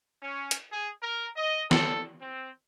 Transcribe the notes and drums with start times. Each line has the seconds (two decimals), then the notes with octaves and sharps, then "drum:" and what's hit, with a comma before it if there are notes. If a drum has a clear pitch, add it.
0.23 C#4
0.51 drum: hi-hat
0.73 G#4
1.03 A#4
1.37 D#5
1.71 A4, drum: snare
2.21 C4